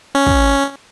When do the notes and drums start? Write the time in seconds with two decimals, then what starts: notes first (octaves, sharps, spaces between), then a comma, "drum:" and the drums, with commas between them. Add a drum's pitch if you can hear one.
0.15 C#4
0.26 drum: kick